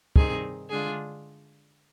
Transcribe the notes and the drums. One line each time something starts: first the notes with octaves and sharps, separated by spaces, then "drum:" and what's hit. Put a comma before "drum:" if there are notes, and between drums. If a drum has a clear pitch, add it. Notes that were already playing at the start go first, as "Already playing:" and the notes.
G2 D#3 G3 C4 D#4 G#4, drum: kick
D3 G#3 D4 F4 G#4